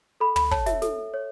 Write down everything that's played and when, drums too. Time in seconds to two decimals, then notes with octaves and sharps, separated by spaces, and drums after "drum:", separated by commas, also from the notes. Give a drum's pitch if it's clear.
0.20 A4 B5
0.36 B5, drum: tom
0.51 C#5 A5, drum: kick
0.66 E5, drum: snare
0.82 A4, drum: snare
1.14 C#5